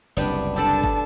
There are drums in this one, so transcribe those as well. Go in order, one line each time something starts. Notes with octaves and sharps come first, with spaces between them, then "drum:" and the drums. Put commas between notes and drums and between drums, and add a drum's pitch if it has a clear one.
F#1 C2 B3 D4 G4
D4 G4 A4 D5 A5
drum: kick